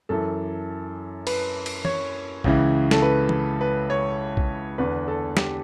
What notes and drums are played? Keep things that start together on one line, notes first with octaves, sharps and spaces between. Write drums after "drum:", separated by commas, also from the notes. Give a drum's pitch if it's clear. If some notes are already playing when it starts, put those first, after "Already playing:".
F#2 E3 A4
B4, drum: cymbal
drum: cymbal
C#5, drum: tom
C#2 C#3 E3, drum: kick
A4, drum: snare
B4
drum: tom
B4
C#5
drum: kick
E2 D3 B4
A4
G4, drum: snare